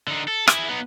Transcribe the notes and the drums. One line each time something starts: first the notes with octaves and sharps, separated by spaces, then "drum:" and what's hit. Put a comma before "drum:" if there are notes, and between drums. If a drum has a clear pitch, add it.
D3 D#4
A4
E4 G#4, drum: rim click
B3 D#4